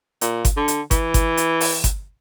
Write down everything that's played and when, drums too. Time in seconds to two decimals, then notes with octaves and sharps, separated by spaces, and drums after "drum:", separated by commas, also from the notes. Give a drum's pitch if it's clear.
0.21 A#2, drum: hi-hat
0.45 drum: kick G1, hi-hat
0.57 D3
0.68 drum: hi-hat
0.91 E3, drum: kick G1, hi-hat
1.14 drum: kick G1, hi-hat
1.37 drum: hi-hat
1.61 drum: open hi-hat
1.84 drum: kick G1, hi-hat